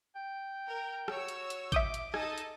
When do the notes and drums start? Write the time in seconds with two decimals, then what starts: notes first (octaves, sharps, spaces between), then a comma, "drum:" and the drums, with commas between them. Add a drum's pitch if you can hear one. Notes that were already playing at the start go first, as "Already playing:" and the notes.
0.15 G5
0.66 A#4
1.08 F#4 C#5 E6, drum: rim click
1.28 drum: hi-hat
1.50 drum: hi-hat
1.72 E5 D6 D#6 G6, drum: kick A1, hi-hat
1.94 drum: hi-hat
2.14 D#4 A4 D#5 G#5 A5, drum: rim click
2.38 drum: hi-hat